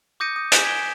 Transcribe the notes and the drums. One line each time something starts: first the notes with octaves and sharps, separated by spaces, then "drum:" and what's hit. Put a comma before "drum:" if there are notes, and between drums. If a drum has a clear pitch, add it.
D6 D#6 G6 A#6 C#7 D#7
D#6
G#5 D#6 G6 B6, drum: hi-hat
G#6 B6 D7 E7 G7